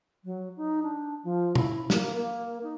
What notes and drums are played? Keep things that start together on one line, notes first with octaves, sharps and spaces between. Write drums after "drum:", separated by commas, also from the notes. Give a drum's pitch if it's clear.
F#3
D#4
D4
F3
E4, drum: tom B2
A#3, drum: snare
A#3
D#4